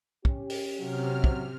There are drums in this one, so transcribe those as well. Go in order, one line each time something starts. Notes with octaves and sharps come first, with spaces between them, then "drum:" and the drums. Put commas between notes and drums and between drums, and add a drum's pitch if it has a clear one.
C#4 G4, drum: kick
drum: open hi-hat
C3 F#3 F6
drum: kick